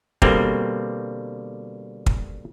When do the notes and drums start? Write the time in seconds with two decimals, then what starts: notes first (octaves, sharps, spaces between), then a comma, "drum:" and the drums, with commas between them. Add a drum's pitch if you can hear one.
0.22 B2 D3 G3 A#3 C4, drum: kick
2.06 drum: kick